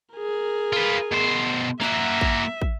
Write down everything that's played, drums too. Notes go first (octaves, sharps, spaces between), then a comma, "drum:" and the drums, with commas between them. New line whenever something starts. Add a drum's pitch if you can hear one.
G#4 A#4
F4 B4
B2 C5
A#3 F#4 E5, drum: snare
drum: kick
drum: kick